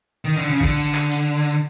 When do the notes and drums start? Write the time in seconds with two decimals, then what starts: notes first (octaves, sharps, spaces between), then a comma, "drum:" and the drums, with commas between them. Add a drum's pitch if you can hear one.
0.25 D#3
0.37 D3
0.49 C#3
0.61 D3, drum: kick G1
0.77 drum: hi-hat
0.94 drum: clap
1.11 drum: hi-hat